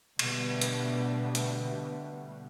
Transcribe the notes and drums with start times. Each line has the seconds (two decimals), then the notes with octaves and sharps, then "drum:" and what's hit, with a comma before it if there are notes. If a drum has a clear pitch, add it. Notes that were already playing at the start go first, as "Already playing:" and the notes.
0.19 B2 D3 G3 A3 B3, drum: cymbal
0.61 drum: hi-hat
1.35 drum: hi-hat